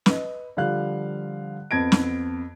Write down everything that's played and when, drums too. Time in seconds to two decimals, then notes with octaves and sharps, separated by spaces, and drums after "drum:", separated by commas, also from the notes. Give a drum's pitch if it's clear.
0.06 B4 D#5, drum: snare
0.57 D3 F3 G3 F5 F#6
1.71 F2 B3 A5 G#6 A#6 D7
1.92 drum: snare